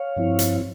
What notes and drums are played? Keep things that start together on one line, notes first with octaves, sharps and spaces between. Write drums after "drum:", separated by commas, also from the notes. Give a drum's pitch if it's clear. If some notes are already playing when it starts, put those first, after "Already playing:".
Already playing: C#5 F5
G2 F3 C4 E4
drum: hi-hat